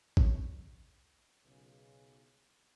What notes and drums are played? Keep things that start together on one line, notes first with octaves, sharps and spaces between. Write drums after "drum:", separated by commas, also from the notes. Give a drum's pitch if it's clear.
C#5, drum: kick
B1 C#3